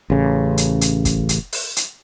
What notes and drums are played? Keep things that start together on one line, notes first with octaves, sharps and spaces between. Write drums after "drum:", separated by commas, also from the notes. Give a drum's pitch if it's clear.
A1 C#3
drum: hi-hat
drum: hi-hat
drum: kick, hi-hat
drum: hi-hat
drum: open hi-hat
drum: hi-hat